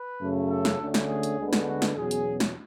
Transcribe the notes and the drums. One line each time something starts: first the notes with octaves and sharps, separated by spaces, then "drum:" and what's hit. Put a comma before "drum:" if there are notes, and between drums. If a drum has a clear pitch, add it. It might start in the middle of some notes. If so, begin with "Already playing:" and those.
Already playing: B4
F#2 C#3 F#3 A3
A4
drum: snare
D2 D3 A3 C#4
drum: snare
G#4
drum: hi-hat
D2 D3 G#3 B3
drum: snare
F#4
drum: snare
E2 B2 F#3 C#4 G#4
drum: hi-hat
drum: snare